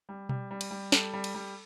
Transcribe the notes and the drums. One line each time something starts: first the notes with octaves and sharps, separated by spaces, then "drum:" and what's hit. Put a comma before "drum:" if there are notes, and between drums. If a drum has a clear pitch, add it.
G3
G3, drum: tom B2
G3
drum: cymbal
G3
G3 A4, drum: snare
G3
drum: cymbal
G3